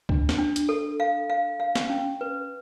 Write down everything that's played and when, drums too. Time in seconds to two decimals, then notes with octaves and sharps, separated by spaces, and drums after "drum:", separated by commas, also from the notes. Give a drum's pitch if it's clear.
0.09 D4, drum: kick C#2
0.29 drum: snare
0.38 D4
0.56 drum: hi-hat
0.69 A4
1.00 F5
1.30 F5
1.60 F5
1.75 drum: snare
1.90 C#4
2.21 B4